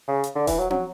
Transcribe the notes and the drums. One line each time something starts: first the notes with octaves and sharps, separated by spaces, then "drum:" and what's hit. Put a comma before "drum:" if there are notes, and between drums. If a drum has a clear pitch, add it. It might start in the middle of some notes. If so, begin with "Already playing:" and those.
C#3
drum: hi-hat
D3
E3, drum: kick D#1, open hi-hat
F#3
F#3, drum: tom C4